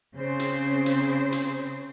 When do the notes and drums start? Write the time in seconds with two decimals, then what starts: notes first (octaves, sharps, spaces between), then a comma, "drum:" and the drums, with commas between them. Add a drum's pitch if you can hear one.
0.16 C#3 C4 C5
0.39 drum: hi-hat
0.86 drum: hi-hat
1.32 drum: hi-hat